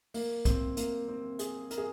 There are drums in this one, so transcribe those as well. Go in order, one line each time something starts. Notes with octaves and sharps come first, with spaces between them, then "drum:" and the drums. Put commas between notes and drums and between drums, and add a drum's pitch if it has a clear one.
A#3, drum: open hi-hat
C4, drum: kick, hi-hat
A#3, drum: hi-hat
C4
G#4, drum: hi-hat
A#4, drum: hi-hat
G#4